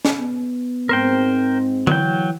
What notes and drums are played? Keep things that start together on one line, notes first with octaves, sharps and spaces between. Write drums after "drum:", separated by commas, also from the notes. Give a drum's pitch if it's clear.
drum: snare
B3
G#2 C4 A#4 C5 G5
E3 F#3 G5, drum: tom D3